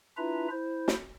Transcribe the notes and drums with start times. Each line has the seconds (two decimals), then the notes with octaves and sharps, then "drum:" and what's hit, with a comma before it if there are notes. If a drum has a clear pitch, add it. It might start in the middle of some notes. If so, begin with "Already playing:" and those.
0.17 D4 E4 F4 B4 E5 A#5
0.51 E4 C5
0.88 drum: snare